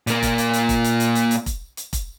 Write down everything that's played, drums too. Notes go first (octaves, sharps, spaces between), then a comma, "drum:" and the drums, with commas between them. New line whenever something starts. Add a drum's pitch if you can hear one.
A#2 A#3, drum: hi-hat
drum: kick F1, hi-hat
drum: hi-hat
drum: hi-hat
drum: kick F1, hi-hat
drum: hi-hat
drum: hi-hat
drum: hi-hat
drum: hi-hat
drum: kick F1, hi-hat
drum: hi-hat
drum: kick F1, hi-hat